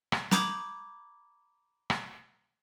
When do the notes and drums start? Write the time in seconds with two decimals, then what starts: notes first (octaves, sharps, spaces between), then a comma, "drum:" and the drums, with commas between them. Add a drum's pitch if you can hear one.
0.12 drum: rim click
0.31 A#5 B5 D6 D#6 G6 G#6, drum: snare
1.90 drum: rim click